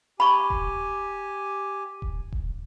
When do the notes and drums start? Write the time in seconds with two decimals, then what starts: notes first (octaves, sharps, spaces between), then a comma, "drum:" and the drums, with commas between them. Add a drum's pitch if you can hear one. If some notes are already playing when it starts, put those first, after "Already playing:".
0.20 G4 G#5 B5 C#6
0.50 drum: kick D#1
2.02 drum: kick D#1
2.32 drum: kick D#1